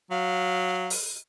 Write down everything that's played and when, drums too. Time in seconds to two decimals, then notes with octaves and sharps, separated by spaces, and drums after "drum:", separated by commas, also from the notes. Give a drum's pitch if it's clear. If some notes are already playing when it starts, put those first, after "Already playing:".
0.11 F#3 F5
0.90 drum: open hi-hat